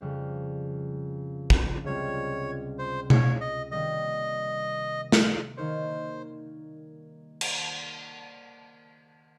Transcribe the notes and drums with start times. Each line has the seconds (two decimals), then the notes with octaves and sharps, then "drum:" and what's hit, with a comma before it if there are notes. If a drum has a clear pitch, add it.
0.01 F2 C#3 G3 C4 F4
1.50 drum: kick
1.84 C#2 C3 G3 C4 F4 C#5
2.79 C5
3.10 C#5, drum: tom B2
3.41 D#5
3.71 C3 D#3 G3 A#3 D#5
5.12 drum: snare
5.57 D#3 A#3 D#4 A#4 C5 C#5
7.41 drum: cymbal